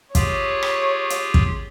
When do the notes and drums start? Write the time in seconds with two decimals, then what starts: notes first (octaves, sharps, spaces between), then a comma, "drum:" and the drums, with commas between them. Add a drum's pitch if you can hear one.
0.15 F4 G4 G#4 C#5, drum: kick, hi-hat
0.63 drum: rim click
1.10 drum: hi-hat
1.34 drum: kick